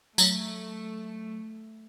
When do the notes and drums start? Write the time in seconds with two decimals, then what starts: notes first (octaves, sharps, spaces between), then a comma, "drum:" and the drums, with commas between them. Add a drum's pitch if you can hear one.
0.18 F#3 A3, drum: tambourine